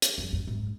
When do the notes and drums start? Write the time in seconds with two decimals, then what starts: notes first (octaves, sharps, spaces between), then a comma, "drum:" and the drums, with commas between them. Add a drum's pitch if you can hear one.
0.02 drum: hi-hat
0.18 F#2
0.33 F#2
0.47 G#2